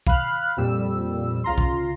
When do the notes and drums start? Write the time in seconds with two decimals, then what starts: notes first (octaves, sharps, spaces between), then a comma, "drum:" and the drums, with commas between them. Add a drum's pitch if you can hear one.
0.07 F5 B5 F6 F#6, drum: kick
0.57 F2 A#2 G3 E6
1.44 C#2 F4 A#5 C6
1.58 drum: kick